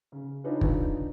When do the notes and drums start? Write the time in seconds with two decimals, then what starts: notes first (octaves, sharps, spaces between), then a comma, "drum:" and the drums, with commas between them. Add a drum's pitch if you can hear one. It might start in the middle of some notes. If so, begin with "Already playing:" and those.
0.12 C#3
0.44 D4 D#4 F4 G#4 B4 C#5
0.61 drum: kick